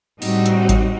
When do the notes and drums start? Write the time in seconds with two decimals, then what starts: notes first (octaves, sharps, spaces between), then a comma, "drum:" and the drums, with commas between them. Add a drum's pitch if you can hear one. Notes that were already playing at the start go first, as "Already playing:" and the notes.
0.22 A2 G3 C4 D#4 F#4, drum: open hi-hat
0.46 drum: hi-hat
0.69 drum: kick G#1, hi-hat